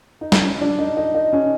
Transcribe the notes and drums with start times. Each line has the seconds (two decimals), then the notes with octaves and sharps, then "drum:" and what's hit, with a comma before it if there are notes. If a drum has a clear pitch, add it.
0.21 D#4
0.32 D4, drum: snare
0.43 C#4
0.61 D4
0.78 D#4
0.97 D#4
1.15 D#4
1.33 C#4